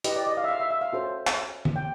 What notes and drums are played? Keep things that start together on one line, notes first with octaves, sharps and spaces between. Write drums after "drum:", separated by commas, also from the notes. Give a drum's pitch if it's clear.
E4 G4 B4 D#5, drum: hi-hat
D5
D#5
F5
E5
F5
E5
E5
F5
C#4 F#4 A4 C5
drum: clap
drum: tom D3
G5